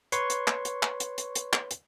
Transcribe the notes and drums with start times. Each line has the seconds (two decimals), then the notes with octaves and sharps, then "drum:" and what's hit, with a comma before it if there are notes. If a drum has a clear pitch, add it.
0.12 B4 C#5 C6 C#6, drum: hi-hat
0.30 drum: hi-hat
0.47 drum: clap
0.65 drum: hi-hat
0.83 drum: clap
1.00 drum: hi-hat
1.18 drum: hi-hat
1.35 drum: hi-hat
1.53 drum: clap
1.71 drum: hi-hat